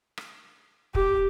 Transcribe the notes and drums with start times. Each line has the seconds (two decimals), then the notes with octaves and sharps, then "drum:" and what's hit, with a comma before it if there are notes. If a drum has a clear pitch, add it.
0.18 drum: rim click
0.95 G4, drum: kick